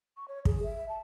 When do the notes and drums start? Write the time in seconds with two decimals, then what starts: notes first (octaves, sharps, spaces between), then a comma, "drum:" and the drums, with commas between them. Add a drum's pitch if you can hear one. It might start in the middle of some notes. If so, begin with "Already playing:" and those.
0.17 C#6
0.28 C#5
0.45 G#4, drum: kick
0.63 E5
0.89 A5